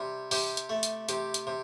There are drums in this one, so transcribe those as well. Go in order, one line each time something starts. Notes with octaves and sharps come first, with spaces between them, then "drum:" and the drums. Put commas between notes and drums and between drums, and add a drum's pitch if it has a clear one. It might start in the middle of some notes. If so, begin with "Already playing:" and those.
Already playing: C3 G3
C3 G4, drum: open hi-hat
drum: hi-hat
A3
drum: hi-hat
C3 G4, drum: hi-hat
drum: hi-hat
C3